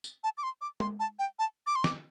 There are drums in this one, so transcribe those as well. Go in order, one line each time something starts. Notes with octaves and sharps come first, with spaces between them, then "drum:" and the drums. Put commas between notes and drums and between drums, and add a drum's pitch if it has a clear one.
drum: tambourine
A5
D6
C6
D6
C6, drum: tom
A5
G5
A5
D6
C6
D6, drum: snare